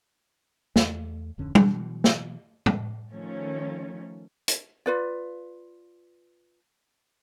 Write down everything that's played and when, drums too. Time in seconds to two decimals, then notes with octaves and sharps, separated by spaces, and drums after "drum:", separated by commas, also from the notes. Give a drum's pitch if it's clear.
0.76 E2 A3, drum: snare
1.38 D1 F2 D3 C#4
1.55 B2 E3 F#3, drum: tom G3
2.04 drum: snare
2.66 drum: tom A2
3.11 D#3 F3 A3 C#4
4.48 drum: hi-hat
4.86 F4 B4 D5